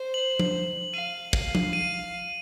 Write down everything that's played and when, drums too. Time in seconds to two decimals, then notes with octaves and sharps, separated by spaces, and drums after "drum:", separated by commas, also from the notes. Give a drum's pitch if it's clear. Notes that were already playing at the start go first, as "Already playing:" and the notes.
Already playing: C5
0.14 F#7
0.39 drum: tom F3
0.94 F5 D#7
1.33 F5, drum: kick
1.55 drum: tom F3
1.73 D#7